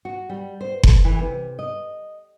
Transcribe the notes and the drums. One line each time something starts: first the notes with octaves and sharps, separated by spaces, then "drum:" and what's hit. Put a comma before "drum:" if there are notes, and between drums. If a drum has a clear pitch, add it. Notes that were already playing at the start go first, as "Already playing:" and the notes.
F#4
G3
C5
A4, drum: kick F#1
E3
C3
D#5